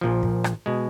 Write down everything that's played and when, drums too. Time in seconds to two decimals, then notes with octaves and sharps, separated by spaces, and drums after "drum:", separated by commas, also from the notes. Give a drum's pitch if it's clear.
0.01 A#1 A#2 F3
0.23 drum: kick
0.44 drum: rim click
0.66 B2 G#3